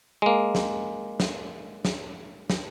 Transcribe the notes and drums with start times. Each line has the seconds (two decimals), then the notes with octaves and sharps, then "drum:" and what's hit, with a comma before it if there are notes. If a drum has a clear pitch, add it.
0.22 G#3 A#3
0.55 drum: snare
1.20 drum: snare
1.85 drum: snare
2.50 drum: snare